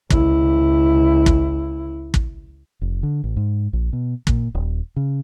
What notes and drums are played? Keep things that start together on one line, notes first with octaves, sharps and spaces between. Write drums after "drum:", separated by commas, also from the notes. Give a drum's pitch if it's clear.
C#2 E4, drum: kick
drum: kick
drum: kick
F1
D3
A1
G#2
A#1
B2
A#2, drum: kick
D#1
C#3